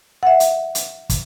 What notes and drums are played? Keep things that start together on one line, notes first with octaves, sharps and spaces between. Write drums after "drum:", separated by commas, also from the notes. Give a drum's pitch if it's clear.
E5 F#5
drum: hi-hat
drum: hi-hat
drum: kick, hi-hat